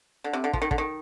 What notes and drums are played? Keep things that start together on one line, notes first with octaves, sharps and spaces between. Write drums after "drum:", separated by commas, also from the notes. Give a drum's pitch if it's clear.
D3
C3
D3
F3, drum: kick
D#3
D3, drum: kick
D#3